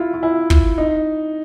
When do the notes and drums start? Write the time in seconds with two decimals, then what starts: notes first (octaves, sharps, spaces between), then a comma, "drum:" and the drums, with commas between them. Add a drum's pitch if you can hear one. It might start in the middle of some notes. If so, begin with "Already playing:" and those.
Already playing: E4 F4
0.14 F4
0.23 E4
0.50 drum: kick
0.78 D#4